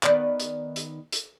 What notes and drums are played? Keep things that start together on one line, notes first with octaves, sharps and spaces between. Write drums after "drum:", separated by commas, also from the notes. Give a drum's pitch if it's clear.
D#3 B3 D5, drum: clap
drum: hi-hat
drum: hi-hat
drum: hi-hat